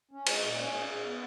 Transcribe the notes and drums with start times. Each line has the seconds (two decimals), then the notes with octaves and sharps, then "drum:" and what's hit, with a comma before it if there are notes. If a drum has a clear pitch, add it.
0.11 C#4
0.27 G#3, drum: cymbal
0.42 A#2
0.58 C#4
0.73 G#4
0.90 G#4
1.05 B3